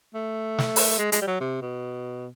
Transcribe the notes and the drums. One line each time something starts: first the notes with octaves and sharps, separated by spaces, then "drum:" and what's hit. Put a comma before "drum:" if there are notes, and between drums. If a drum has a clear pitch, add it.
A3
drum: snare
drum: open hi-hat
G#3
G#3, drum: hi-hat
G3
F#3
C3
B2